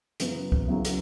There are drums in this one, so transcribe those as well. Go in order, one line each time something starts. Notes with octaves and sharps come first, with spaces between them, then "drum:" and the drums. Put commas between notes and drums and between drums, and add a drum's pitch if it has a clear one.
F#2 C#3 F#3 B3 E4, drum: hi-hat
drum: kick C2
F#2 C#3 F#3 B3 E4
drum: hi-hat